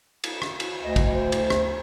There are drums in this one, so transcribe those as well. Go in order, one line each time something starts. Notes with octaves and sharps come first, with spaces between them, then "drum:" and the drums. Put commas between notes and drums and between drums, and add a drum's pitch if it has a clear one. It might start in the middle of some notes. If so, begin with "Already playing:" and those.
drum: cymbal
drum: rim click
drum: cymbal
D2 D#5
drum: kick, cymbal
C5
drum: cymbal
drum: rim click